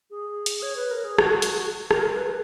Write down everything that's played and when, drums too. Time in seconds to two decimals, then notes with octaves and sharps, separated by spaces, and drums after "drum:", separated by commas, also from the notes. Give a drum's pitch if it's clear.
0.11 G#4
0.46 drum: hi-hat
0.62 C#5
0.76 B4
0.91 A#4
1.04 G#4
1.18 F#4, drum: rim click
1.42 drum: hi-hat
1.91 A#4, drum: rim click
2.15 B4